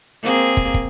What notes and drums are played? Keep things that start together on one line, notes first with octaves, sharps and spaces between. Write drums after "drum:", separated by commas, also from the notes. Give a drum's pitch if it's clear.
A#3 C4 G#4
drum: kick
drum: kick